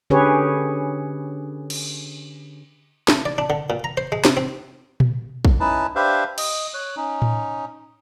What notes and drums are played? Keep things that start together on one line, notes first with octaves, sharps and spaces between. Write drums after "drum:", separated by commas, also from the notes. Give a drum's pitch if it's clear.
D3 C#4 G4 G#4 B4 C#5
drum: cymbal
A3, drum: snare
D5
D4
D3
A#2
A#5
C5
G#3
C3, drum: snare
C4
drum: tom A#2
drum: kick
C#4 D#4 E4 B4 A5
D4 G4 B4 C5 E5 F5
D#5, drum: cymbal
C#5 F#6
C#4 D#4
drum: tom A2